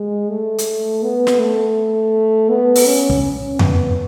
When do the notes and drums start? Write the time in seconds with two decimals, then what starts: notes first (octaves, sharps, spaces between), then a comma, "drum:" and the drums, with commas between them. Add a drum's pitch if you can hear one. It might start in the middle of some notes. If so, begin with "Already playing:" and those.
Already playing: G#3
0.29 A3
0.58 drum: hi-hat
1.03 B3
1.27 drum: snare
1.40 A3
2.50 B3
2.76 drum: open hi-hat
2.86 C#4
3.10 drum: kick
3.23 C#4
3.59 B3, drum: tom F2